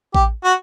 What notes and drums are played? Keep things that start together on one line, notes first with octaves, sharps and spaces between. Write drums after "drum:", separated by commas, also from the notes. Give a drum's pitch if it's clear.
G4, drum: kick A1
F#4